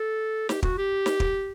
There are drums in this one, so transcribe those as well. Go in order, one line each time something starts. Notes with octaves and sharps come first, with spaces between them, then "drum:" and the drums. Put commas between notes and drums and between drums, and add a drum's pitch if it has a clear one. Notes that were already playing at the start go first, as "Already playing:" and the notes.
Already playing: A4
G4, drum: snare
F#4, drum: kick
G4
drum: snare
drum: kick